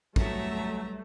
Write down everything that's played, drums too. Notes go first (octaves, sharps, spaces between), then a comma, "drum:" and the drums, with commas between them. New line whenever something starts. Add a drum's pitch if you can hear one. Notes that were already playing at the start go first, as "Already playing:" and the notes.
F#3 G3 A3 B4 C#5 E5 A5 A#5, drum: kick